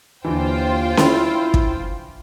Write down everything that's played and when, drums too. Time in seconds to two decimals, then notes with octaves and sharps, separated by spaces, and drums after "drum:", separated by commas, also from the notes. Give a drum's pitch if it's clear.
0.24 D#2 D3 E3 F4 C5 G5
0.97 E4, drum: snare C#4
1.54 drum: kick